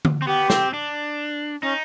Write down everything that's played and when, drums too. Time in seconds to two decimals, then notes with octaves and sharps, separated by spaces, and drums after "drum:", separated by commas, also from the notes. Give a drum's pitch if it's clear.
0.05 drum: tom D3
0.22 C4
0.27 B3 G4
0.50 C4, drum: snare
0.74 D4
1.63 C#4 D#4